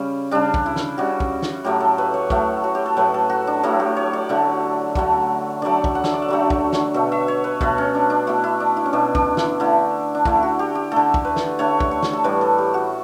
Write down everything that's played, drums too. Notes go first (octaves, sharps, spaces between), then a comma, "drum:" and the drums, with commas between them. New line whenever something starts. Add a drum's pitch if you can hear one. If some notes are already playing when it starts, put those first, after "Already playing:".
Already playing: C#3 G3 C#4
C#3 G3 D4
drum: kick
E4
drum: snare
C#3 G3 F#4
drum: kick
drum: snare
A2 F#3 A3 G4
A4
B4
C#5
A2 F#3 A3, drum: kick
F#4
G4
A4
A2 F#3 A3 B4
A4
F#4
D4
A2 F#3 A3 E4
G4
C#5
D5
D3 F#3 A3
D3 F#3 A3, drum: kick
D3 F#3 A3 D5
drum: kick
F#5
E5, drum: snare
D5
E5
D3 F#3 A3
drum: kick
drum: snare
B2 A3 E5
E5
C#5
B4
B2 A3 B4, drum: kick
C#4
D4
D4
B2 A3 E4
E4
D4
E4
C#4
B2 A3 D4
D4, drum: kick
E4, drum: snare
D3 A3 E4
D4
D3 A3 E4, drum: kick
F#4
G4
G4
D3 A3 A4
drum: kick
B4
drum: snare
D3 A3 C#5
drum: kick
C#5
drum: snare
A4
A2 E3 G3 B4
A4
G4
F#4